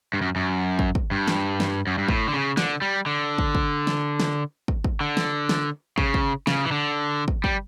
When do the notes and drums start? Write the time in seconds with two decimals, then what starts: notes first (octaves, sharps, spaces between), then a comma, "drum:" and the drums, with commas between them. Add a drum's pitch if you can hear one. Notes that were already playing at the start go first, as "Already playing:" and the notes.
0.14 G2
0.22 F#2
0.36 F#2
0.79 drum: kick
0.95 drum: kick
1.11 G2
1.28 drum: snare
1.60 drum: snare
1.87 F#2
1.98 G2
2.09 A2, drum: kick
2.28 D3
2.34 C#3
2.57 D3, drum: snare
2.82 G3
3.06 D3
3.38 drum: kick
3.55 drum: kick
3.87 drum: snare
4.20 drum: snare
4.68 drum: kick
4.84 drum: kick
5.01 D3
5.17 drum: snare
5.49 drum: snare
5.98 C#3, drum: kick
6.14 drum: kick
6.47 C#3, drum: snare
6.65 E3
6.72 D3
7.28 drum: kick
7.44 G3, drum: kick